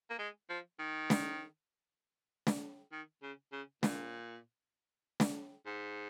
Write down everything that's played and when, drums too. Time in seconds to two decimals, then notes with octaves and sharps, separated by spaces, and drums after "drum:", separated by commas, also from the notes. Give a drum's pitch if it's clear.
0.10 A#3
0.19 G#3
0.49 F3
0.79 D#3
1.10 drum: snare
2.47 drum: snare
2.92 D#3
3.23 C#3
3.52 C#3
3.83 A#2, drum: snare
5.20 drum: snare
5.66 G#2